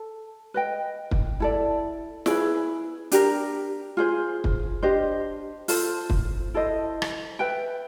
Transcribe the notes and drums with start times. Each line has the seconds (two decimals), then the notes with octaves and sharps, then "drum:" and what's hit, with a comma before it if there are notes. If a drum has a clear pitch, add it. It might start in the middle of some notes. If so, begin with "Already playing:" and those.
Already playing: A4
0.54 B4 D#5 G5
1.11 drum: kick
1.40 E4 A4 D5
2.26 E4 G#4 B4, drum: snare
3.12 D4 G4 A#4, drum: hi-hat
3.97 F4 G#4 C5
4.44 drum: kick
4.83 D4 G4 C5 D#5
5.68 F4 A4 C5, drum: open hi-hat
6.10 drum: kick
6.54 E4 A4 C5 D#5
7.02 drum: rim click
7.39 B4 E5 G5